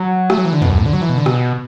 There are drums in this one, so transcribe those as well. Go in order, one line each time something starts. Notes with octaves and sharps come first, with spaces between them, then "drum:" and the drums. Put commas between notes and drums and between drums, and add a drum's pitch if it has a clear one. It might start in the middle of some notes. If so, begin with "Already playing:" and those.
Already playing: F#3
A3, drum: rim click
F#3
E3
D3
B2, drum: tom
F#2
A2
D3
F#3
E3
B2
D3
B2, drum: rim click